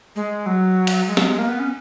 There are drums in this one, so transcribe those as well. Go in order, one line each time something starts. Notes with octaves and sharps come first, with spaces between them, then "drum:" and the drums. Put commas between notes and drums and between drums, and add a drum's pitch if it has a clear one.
G#3
F#3
drum: cymbal
G#3
F#3, drum: snare
G#3
A#3
B3
C#4